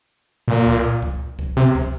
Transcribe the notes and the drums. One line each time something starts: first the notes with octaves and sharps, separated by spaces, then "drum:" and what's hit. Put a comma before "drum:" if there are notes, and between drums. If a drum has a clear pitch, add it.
A#2
drum: kick C#2
drum: kick C#2
drum: kick C#2
C3
drum: kick C#2